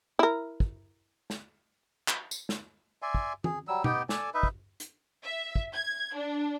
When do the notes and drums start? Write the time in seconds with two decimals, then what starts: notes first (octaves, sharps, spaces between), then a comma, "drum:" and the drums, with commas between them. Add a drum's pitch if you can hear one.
0.19 E4 A#4
0.60 drum: kick
1.30 drum: snare
2.08 drum: clap
2.31 drum: tambourine
2.49 drum: snare
3.02 D5 E5 G#5 C6
3.15 drum: kick
3.44 G#4, drum: tom E3
3.68 F#3 G3 E6
3.84 B3 D#4 G4 G5, drum: tom B2
4.09 A4 D5 G#5 A5, drum: snare
4.34 D#4 B4 E5
4.43 drum: kick
4.80 drum: hi-hat
5.24 E5
5.56 drum: kick
5.74 G#6
6.15 D4